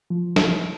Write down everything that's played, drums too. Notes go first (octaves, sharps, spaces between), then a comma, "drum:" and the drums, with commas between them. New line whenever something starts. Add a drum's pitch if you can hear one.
F3
drum: snare